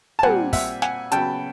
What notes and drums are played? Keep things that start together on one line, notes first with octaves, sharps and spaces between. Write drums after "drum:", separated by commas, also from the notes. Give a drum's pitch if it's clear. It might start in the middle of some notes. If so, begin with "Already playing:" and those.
A5
A#2 G3 C4 F#5 G#5, drum: tom
E5 F#5, drum: kick, open hi-hat
F#5 G#5, drum: snare
C#3 F#3 B3 G5 A5, drum: hi-hat